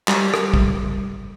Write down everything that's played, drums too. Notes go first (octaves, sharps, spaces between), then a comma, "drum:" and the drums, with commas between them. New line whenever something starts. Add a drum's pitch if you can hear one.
G3, drum: clap
drum: rim click
drum: kick